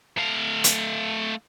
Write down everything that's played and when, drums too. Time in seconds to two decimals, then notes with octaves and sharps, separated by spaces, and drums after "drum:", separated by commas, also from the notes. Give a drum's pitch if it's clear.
0.18 A3 F5
0.64 drum: hi-hat